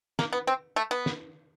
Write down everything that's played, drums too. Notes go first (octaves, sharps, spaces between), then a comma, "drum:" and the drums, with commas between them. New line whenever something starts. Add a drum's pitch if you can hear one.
A#3, drum: snare
B3
C4
A3
B3
drum: snare